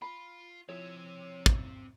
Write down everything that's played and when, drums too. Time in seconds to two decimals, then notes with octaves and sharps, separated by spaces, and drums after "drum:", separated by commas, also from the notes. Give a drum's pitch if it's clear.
0.02 F4 B5
0.69 F3 C4 E4 G#4 C#5 E5
1.46 drum: kick